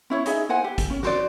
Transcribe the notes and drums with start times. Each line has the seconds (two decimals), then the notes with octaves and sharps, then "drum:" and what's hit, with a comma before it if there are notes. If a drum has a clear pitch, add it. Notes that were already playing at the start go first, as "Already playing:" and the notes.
0.10 C#4 E4 C#5
0.26 D#4 G#4 E5, drum: hi-hat
0.49 E4 C5 F#5 G#5
0.64 G4
0.78 drum: kick, hi-hat
0.90 C#4
1.03 F#4 C5 D5, drum: snare